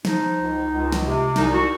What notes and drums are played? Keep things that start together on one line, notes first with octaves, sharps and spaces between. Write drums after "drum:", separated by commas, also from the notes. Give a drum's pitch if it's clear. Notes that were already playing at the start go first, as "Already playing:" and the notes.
F3 D#4, drum: snare
C#2
C#2
drum: snare
C3
C2 D#4, drum: snare
F#4